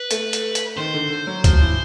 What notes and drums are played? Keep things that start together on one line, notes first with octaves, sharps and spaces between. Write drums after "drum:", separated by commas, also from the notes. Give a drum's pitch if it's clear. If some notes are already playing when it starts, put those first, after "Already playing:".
Already playing: B4
A3, drum: hi-hat
drum: hi-hat
drum: hi-hat
D#3 C5
D3
D3
F#3
F3, drum: kick, hi-hat
E3